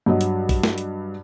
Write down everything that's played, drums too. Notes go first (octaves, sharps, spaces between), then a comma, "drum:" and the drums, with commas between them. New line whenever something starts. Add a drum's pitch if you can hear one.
G2 F#3 D#5
drum: hi-hat
drum: kick, open hi-hat
drum: snare
drum: hi-hat